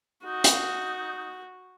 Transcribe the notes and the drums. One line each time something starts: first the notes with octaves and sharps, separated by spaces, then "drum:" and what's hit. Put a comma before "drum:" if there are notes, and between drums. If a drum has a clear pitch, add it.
D#4 F#4
drum: hi-hat